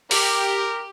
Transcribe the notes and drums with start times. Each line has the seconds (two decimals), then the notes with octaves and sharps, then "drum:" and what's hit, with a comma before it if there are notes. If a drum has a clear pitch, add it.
0.11 G4 A#4, drum: open hi-hat